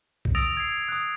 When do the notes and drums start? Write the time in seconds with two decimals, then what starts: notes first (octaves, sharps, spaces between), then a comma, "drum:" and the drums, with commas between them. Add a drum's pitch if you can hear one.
0.25 drum: kick B1
0.35 D#6 E6 A6 A#6 D7 F7
0.57 G#6 C7
0.88 D#6 F#6